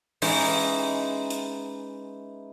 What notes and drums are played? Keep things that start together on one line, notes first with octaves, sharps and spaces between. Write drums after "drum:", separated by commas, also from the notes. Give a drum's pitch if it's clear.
E3 G#3 C#4 D#4, drum: open hi-hat
drum: hi-hat